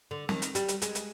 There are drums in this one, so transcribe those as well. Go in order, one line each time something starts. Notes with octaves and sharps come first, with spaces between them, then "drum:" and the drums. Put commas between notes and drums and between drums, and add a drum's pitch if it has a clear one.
D3
D#3, drum: snare
drum: hi-hat
G3, drum: hi-hat
drum: hi-hat
G#3, drum: hi-hat
drum: hi-hat